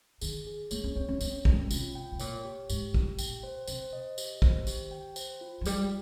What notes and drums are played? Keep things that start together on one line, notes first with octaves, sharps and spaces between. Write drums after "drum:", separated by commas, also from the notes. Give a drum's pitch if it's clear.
D#3 G#4, drum: tambourine
G#4
A#3 C#5, drum: tambourine
C#4
C4 C#5
C#4
C4 C#4, drum: tambourine
G#3 C#4, drum: kick
C3 F4, drum: tambourine
G5
C3
A#2 C#5, drum: tambourine
G4
G#2 G4, drum: tambourine
G4, drum: kick
A#2 G5, drum: tambourine
C5
C3 C5, drum: tambourine
D#5
G4, drum: tambourine
C5, drum: kick
D#3 G4, drum: tambourine
G5
C5, drum: tambourine
F4
F3
G3 F4, drum: tambourine